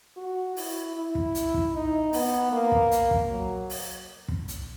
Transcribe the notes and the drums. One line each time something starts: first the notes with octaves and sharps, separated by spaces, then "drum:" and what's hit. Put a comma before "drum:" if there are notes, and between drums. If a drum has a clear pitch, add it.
F#4
E4, drum: open hi-hat
E4
drum: kick
drum: hi-hat
drum: kick
D#4
B3, drum: open hi-hat
A#3
drum: kick
drum: hi-hat
drum: kick
F#3
drum: open hi-hat
drum: kick
drum: hi-hat